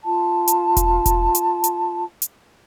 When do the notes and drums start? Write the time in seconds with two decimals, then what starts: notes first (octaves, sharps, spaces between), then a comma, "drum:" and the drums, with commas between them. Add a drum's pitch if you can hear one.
0.04 F4 A5
0.48 drum: hi-hat
0.77 drum: kick E1, hi-hat
1.06 drum: kick E1, hi-hat
1.35 drum: hi-hat
1.64 drum: hi-hat
2.22 drum: hi-hat